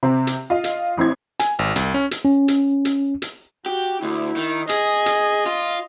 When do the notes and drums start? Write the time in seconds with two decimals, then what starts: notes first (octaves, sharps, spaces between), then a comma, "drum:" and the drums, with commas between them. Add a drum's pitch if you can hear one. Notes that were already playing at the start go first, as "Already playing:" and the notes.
0.03 C3 C4
0.27 drum: hi-hat
0.50 F4 D#5 F5
0.64 drum: hi-hat
0.97 A1 C4 E4 G#6
1.40 G#5, drum: hi-hat
1.59 G#1
1.76 C2, drum: hi-hat
1.94 C#4
2.11 drum: hi-hat
2.25 C#4
2.48 drum: hi-hat
2.85 drum: hi-hat
3.22 drum: hi-hat
3.66 F#4 G4
4.02 D2 E4
4.36 D#3
4.69 G#4 D#5, drum: hi-hat
5.06 drum: hi-hat
5.46 F4